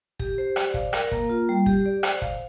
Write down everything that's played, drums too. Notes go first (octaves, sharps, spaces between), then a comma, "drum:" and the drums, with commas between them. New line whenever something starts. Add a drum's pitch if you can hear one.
G4, drum: kick
C5
D5, drum: rim click
F5, drum: kick
A#4, drum: rim click
A#3, drum: kick
F4
G3
G4, drum: kick
D5
C5, drum: rim click
F5, drum: kick